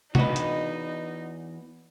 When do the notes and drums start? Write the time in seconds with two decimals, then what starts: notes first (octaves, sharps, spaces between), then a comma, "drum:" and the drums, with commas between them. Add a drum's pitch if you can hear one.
0.15 E2 D#4 F#4 B4 D#5, drum: tom C3
0.36 drum: hi-hat